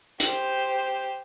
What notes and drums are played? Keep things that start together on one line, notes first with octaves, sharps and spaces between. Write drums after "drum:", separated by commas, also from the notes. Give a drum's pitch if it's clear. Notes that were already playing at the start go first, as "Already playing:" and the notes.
G4 C5, drum: hi-hat